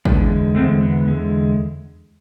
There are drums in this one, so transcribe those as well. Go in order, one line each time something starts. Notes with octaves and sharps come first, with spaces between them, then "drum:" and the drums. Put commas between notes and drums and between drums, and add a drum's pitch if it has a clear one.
E2 D3 G#3 B3 D4, drum: kick
E2 D3 G#3 A3 C4
B3
E2 D3 G#3